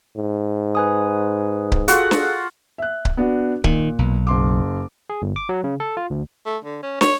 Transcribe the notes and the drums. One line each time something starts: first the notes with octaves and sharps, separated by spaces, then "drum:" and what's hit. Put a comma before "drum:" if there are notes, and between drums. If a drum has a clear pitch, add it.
G#2
B4 G#5 D#6
drum: kick C#1
F4 F#4 G#4 A4 F#5, drum: hi-hat
drum: snare
E5 F#6
drum: kick C#1
B3 D4 F#4
A#2 D#3, drum: kick C#1
B1
F#1 C6 D6
G#4
G1
D6
F#3
C#3
A4
F4
D2
A3
D3
C#4
C#5, drum: snare